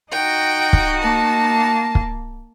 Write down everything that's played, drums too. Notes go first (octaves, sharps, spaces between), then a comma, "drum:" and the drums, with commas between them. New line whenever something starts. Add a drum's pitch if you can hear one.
D#4 F#4 G5
drum: kick
A#3 A5
drum: kick